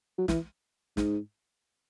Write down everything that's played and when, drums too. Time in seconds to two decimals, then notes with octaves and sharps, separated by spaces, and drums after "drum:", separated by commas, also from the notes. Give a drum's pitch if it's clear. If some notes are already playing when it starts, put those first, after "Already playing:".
0.19 F#3
0.28 E3, drum: snare
0.97 G#2, drum: snare